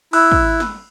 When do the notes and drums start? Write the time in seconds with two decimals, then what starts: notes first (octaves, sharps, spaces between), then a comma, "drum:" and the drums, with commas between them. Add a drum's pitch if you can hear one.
0.13 E4 B5 E6 F#6, drum: cymbal
0.32 drum: kick
0.60 drum: snare